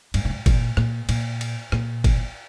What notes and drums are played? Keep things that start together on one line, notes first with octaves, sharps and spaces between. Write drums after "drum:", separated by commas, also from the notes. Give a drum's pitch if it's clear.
G2, drum: cymbal
A#2
G#2
A#2, drum: kick, cymbal
A#2, drum: rim click
A#2, drum: cymbal
drum: cymbal
A#2, drum: rim click
drum: kick, cymbal